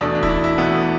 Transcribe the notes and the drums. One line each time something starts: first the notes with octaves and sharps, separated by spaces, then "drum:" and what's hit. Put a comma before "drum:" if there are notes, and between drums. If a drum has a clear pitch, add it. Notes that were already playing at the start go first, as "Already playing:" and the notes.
E2 B2 A3 D4
D4
E4, drum: kick
D4
E4
E2 B2 A3 B3